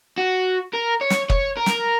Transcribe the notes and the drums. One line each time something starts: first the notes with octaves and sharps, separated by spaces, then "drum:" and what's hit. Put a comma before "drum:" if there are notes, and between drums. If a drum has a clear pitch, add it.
F#4
A#4
C#5
drum: snare
C#5, drum: kick
A#4
drum: snare